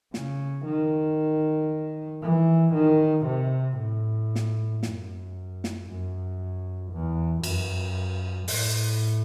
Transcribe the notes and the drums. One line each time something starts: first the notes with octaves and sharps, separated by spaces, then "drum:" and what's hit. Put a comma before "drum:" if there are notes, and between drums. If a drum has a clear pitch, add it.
C#3, drum: snare
D#3
E3
D#3
C3
A2
drum: snare
F#2, drum: snare
drum: snare
F#2
E2
F#2, drum: cymbal
A2, drum: open hi-hat